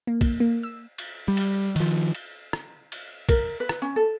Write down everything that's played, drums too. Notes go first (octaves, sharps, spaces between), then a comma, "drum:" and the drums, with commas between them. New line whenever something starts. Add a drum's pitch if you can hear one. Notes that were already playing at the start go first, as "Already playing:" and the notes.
A#3
drum: kick, cymbal
A#3
E6
drum: cymbal
G3
drum: cymbal
D#3 F3, drum: cymbal
drum: cymbal
drum: rim click
drum: cymbal
A#4, drum: kick, cymbal
B4
drum: rim click
C#4
A4